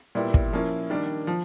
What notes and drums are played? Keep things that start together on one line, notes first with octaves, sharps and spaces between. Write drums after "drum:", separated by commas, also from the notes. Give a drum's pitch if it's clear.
A#2 G3 B3 E4 G4
drum: kick
F3 A#3 C#4 E4
D#3 G3 A#3 D4
F3